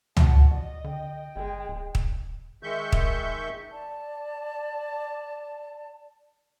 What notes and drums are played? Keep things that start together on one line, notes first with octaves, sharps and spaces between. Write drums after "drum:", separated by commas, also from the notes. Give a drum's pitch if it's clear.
C3 F#4 F#5 A5, drum: tom C#2
C#2 D5 D#5
D3 G5
G1 G#3
D1
drum: kick
D#3 G#3 E5 C#6 G6
drum: kick
D5 A5